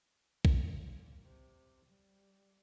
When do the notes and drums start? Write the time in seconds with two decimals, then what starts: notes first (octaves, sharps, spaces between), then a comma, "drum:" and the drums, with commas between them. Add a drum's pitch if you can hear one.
0.45 F#1 D2, drum: kick B1
0.81 A#2
1.22 C3
1.86 G3